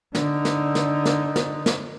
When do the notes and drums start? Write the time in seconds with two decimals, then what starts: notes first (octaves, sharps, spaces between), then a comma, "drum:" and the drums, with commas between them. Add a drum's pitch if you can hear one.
0.15 D3 D#4, drum: snare
0.45 drum: snare
0.75 drum: snare
1.05 drum: snare
1.36 drum: snare
1.66 drum: snare